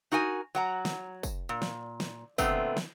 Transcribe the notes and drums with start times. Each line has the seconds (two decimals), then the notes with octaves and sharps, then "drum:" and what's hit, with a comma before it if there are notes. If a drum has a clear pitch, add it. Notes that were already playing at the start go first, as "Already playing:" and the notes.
0.12 D#4 F#4 A#4 G5 G#5
0.55 F#3 F#5 A#5
0.85 drum: snare
1.23 drum: kick, tambourine
1.49 A#2
1.62 drum: snare
2.00 drum: snare
2.38 A#2 D3 A3 B3 C4, drum: kick, tambourine
2.77 drum: snare